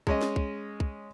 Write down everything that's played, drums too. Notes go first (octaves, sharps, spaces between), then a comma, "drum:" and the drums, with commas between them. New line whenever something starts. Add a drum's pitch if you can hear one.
G#3 C#4 D#5, drum: kick
drum: snare
drum: kick
drum: kick